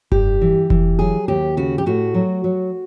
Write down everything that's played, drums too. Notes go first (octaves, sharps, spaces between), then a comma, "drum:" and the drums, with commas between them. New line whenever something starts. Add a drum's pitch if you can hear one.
G2 G4, drum: kick F1
E3
E3, drum: kick F1
F#3 G#4
D#2 G4
C#3 F#4
G4
A2 F#4
F#3
F#3